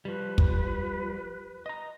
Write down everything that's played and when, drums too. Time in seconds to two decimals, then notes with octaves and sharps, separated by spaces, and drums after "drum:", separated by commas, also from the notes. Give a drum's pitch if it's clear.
0.05 F3 G3 B4
0.38 drum: kick
1.66 D#5 A#5